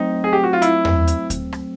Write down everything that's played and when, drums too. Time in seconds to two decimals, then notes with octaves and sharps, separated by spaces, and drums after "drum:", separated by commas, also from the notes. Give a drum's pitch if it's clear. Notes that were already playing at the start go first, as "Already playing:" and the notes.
Already playing: F#3 A3 C4 D#4
0.24 G#4
0.33 G4
0.44 F#4
0.53 F4
0.62 E4, drum: hi-hat
0.85 drum: tom E2
1.07 drum: hi-hat
1.30 drum: kick D2, hi-hat
1.53 drum: rim click